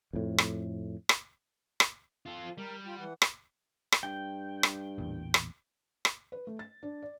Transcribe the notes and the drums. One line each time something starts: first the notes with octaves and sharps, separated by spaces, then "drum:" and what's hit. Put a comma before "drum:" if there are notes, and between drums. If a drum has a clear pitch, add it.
F2 A2
drum: rim click
drum: rim click
drum: rim click
F4 A4
F3
G3 A#4
F4 G5
E3 F#5
drum: rim click
drum: rim click
G2 G5
drum: rim click
A1 E2 A#2
drum: rim click
drum: rim click
B4
A3
A6
D4
D5